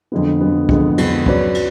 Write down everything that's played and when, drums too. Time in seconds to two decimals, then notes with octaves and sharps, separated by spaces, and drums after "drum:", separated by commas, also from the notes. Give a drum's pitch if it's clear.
0.12 F2 D3 G#3 B3
0.41 F2 D3 G#3 B3
0.69 F2 D3 G#3 B3, drum: kick
0.98 F2 D3 G#3 B3, drum: cymbal
1.26 F#3 C#4 F#4 B4 D5, drum: kick
1.55 F#3, drum: cymbal